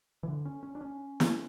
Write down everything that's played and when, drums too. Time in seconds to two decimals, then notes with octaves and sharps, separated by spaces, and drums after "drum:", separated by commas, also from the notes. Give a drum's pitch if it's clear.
0.23 E3
0.28 D3
0.45 C#4
0.63 C#4
0.75 D4
0.81 C#4
1.20 drum: snare